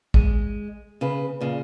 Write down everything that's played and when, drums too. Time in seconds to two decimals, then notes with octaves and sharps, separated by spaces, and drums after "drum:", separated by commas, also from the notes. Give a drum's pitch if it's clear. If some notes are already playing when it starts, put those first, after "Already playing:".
0.14 G#3, drum: kick
1.01 C#3 B4
1.41 A#2 C#3